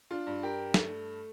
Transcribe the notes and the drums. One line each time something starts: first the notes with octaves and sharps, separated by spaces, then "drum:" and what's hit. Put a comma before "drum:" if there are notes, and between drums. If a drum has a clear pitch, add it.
D4 F4
G2
G4 A#4
A3, drum: snare